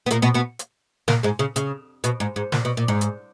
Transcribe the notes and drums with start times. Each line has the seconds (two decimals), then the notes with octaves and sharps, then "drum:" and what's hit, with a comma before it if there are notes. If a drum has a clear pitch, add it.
0.06 B3
0.11 A#2 A#3, drum: hi-hat
0.22 B2 B3
0.34 B2 B3
0.59 drum: hi-hat
1.08 A#2 A#3, drum: snare
1.23 G#2 G#3
1.39 C#3
1.56 C#3, drum: hi-hat
2.04 B2, drum: hi-hat
2.20 G#2
2.36 G#2
2.52 A#2, drum: snare
2.65 B2
2.77 A#2
2.88 G#2
3.01 drum: hi-hat